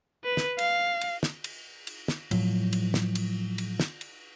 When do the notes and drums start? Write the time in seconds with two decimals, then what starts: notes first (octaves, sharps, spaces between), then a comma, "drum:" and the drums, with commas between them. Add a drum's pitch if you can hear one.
0.24 B4
0.37 drum: snare
0.59 F5, drum: cymbal
1.01 drum: cymbal
1.23 drum: snare
1.44 drum: cymbal
1.87 drum: cymbal
2.08 drum: snare
2.31 A2 F3 F#3, drum: cymbal
2.73 drum: cymbal
2.94 drum: snare
3.15 drum: cymbal
3.58 drum: cymbal
3.80 drum: snare
4.01 drum: cymbal